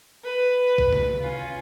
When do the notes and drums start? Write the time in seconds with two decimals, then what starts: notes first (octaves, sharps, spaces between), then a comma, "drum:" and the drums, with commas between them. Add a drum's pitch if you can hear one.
0.24 B4
0.78 drum: kick B1
0.93 drum: tom C3
1.20 C#4 F4